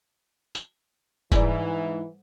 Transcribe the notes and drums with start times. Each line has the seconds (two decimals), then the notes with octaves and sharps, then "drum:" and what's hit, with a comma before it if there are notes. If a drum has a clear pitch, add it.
0.55 drum: tambourine
1.32 G#2 E3 G#3 E4 D5, drum: kick E1, tambourine